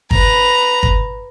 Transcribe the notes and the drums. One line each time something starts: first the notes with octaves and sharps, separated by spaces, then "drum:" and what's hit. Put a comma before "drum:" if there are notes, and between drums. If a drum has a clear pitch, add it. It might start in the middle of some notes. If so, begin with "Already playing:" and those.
B4 A#5, drum: kick G1
drum: kick G1